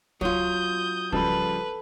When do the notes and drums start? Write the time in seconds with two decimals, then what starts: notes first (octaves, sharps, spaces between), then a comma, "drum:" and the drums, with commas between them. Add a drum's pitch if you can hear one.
0.21 F#3 F4 D#6 G6, drum: kick
1.12 C#3 F3 G3 A4 B4 B5, drum: kick